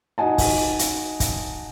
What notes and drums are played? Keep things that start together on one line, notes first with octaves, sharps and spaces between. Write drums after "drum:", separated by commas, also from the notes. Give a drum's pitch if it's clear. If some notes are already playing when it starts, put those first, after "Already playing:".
D#4 F#4 D#5 F#5 G#5 A5
drum: kick, open hi-hat
drum: hi-hat
drum: kick, hi-hat